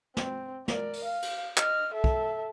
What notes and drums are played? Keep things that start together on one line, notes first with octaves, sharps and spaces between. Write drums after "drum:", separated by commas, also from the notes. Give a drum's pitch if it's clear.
C4, drum: snare
A#4 D5, drum: snare
drum: open hi-hat
F5
drum: cymbal
D#5 F6, drum: clap
A4 E5
drum: kick